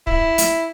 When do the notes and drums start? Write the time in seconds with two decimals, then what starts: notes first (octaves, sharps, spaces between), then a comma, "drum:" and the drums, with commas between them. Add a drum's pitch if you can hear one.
0.07 E4, drum: kick
0.38 drum: hi-hat